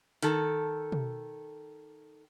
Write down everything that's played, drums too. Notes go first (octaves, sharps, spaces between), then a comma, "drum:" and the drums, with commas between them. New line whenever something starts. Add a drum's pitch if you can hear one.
D#3 A4, drum: hi-hat
drum: tom B2